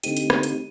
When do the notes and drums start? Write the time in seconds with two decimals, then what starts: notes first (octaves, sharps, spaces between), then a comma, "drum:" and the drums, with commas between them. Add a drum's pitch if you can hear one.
0.03 D3 A3 C4 D#4 G4 D#7, drum: hi-hat
0.17 drum: hi-hat
0.30 drum: rim click
0.43 drum: hi-hat